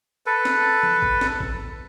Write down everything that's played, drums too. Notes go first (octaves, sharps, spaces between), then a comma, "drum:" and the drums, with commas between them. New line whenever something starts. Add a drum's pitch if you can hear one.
A4 B4
drum: snare
drum: tom
drum: kick A1
drum: snare
drum: kick A1